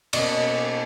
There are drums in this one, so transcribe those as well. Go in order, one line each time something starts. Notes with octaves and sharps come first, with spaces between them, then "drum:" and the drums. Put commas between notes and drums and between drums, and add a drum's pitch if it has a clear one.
B2 A#3 C#4 D#5, drum: cymbal